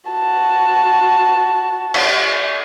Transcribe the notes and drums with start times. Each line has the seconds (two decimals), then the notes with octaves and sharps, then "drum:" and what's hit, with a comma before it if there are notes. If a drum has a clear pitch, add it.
0.10 F#4 A5
1.94 drum: cymbal